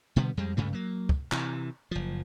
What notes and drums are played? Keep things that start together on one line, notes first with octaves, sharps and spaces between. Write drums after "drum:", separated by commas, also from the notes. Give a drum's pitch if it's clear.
B2 D3 G3 B3
F2 G3 G#3
D2 G2 C#3 A3
F#3 A#3
drum: kick
C3 E3, drum: clap
F#1 F3